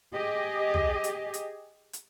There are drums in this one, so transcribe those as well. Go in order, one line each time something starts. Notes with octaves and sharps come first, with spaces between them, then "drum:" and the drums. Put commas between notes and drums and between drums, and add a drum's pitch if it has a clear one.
G4 G#4 D#5
drum: tom
drum: hi-hat
drum: hi-hat
drum: hi-hat